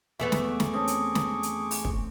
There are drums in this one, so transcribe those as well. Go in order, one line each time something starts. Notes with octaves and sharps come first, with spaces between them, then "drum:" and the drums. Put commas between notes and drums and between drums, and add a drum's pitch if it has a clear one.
E2 A3 B3 G#4 E5 C#6 D6
drum: snare
drum: snare
C4 C#4 A5 D#6
drum: hi-hat
drum: snare
drum: hi-hat
drum: open hi-hat
drum: kick